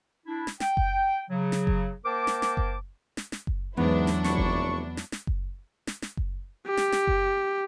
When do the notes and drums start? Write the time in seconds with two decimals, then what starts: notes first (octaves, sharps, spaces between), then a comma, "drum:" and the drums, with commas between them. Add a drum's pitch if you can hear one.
0.27 D4 E4
0.47 drum: snare
0.60 G5, drum: snare
0.77 drum: kick F#1
1.29 C#3 F#3
1.52 drum: snare
1.67 drum: kick F#1
2.04 A#3 A#4 C5 G5 A5 D6
2.27 drum: snare
2.42 drum: snare
2.57 drum: kick F#1
3.17 drum: snare
3.32 drum: snare
3.47 drum: kick F#1
3.77 E2 G#2 F#3 B3 D4 E4
4.07 drum: snare
4.24 F1 C#6, drum: snare
4.37 drum: kick F#1
4.97 drum: snare
5.12 drum: snare
5.27 drum: kick F#1
5.87 drum: snare
6.02 drum: snare
6.17 drum: kick F#1
6.67 G4
6.77 drum: snare
6.92 drum: snare
7.07 drum: kick F#1